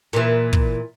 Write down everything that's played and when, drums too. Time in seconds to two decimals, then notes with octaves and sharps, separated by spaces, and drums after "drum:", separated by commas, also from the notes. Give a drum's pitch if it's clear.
0.13 A#2 E3
0.53 drum: kick